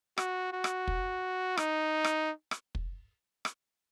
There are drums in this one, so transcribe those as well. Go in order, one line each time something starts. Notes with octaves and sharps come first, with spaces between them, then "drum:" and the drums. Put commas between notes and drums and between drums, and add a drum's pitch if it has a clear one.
F#4, drum: rim click
F#4
drum: rim click
drum: kick
D#4, drum: rim click
drum: rim click
drum: rim click
drum: kick
drum: rim click